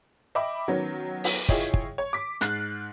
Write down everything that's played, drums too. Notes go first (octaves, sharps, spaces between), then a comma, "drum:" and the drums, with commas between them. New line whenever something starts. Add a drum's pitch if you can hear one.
D#5 E5 G5 B5 D6
D#3 F#3 B3 C#4
drum: open hi-hat
E4 F4 G#4 C#5 D#5 G5, drum: kick
drum: kick
C#5
D6 B6
G#2 F6 F#6 A6 C7, drum: hi-hat